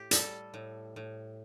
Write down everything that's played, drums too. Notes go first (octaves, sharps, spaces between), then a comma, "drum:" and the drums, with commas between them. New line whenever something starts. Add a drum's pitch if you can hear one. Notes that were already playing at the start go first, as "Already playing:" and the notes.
Already playing: A2 G4
G3 A4, drum: hi-hat
A2
A2